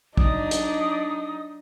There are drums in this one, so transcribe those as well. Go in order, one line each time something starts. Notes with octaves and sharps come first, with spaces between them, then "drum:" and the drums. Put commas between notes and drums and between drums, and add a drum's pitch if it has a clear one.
F#3 D4 D#4 D5 D#6, drum: kick
drum: hi-hat